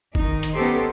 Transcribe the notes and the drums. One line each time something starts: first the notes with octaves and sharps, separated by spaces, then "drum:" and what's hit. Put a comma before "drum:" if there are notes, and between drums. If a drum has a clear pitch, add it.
D#3 D#4, drum: kick F#1
drum: hi-hat
B3 C#4 D#4 G4 A4 C5